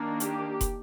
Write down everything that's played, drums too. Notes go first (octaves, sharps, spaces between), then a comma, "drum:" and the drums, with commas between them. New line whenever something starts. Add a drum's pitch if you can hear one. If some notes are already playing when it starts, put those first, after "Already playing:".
Already playing: D#3 A#3 D4
G4, drum: hi-hat
drum: kick, hi-hat